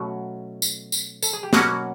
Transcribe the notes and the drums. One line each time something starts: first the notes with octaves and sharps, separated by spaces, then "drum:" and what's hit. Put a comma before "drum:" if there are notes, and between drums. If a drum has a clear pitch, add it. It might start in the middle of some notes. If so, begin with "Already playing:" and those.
Already playing: B2 F#3 A3 C#4 F#4
drum: tambourine
drum: tambourine
A4, drum: tambourine
G#4
G4
B2 F#3 A#3 C#4 F#4, drum: snare